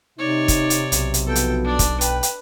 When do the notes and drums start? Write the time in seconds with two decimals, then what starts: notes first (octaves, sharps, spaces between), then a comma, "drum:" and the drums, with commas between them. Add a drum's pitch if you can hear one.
0.19 C3 D#4 C#5 D5
0.48 drum: kick, hi-hat
0.70 drum: hi-hat
0.92 B1, drum: hi-hat
1.14 drum: hi-hat
1.26 F3 B3 F#4 A4 G5
1.35 drum: hi-hat
1.64 D4 D5
1.79 drum: kick, hi-hat
2.01 B4 G5, drum: hi-hat
2.23 drum: hi-hat